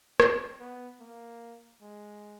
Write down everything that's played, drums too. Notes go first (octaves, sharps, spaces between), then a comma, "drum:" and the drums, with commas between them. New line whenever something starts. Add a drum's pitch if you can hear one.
C4, drum: rim click
B3
A#3
G#3